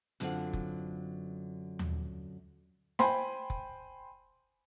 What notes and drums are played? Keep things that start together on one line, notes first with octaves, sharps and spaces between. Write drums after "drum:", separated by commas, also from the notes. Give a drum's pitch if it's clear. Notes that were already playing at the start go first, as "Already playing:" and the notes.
F#2 D3 F#3 C4 F4 F#5, drum: hi-hat
drum: kick F1
drum: tom D#2
C5 G5 G#5 B5 C6, drum: snare
drum: kick F1